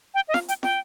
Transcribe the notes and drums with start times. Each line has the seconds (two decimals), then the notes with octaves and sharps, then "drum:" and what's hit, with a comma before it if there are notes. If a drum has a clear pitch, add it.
0.14 G5
0.28 D#5
0.34 F5, drum: snare
0.48 G5, drum: hi-hat
0.63 G5, drum: snare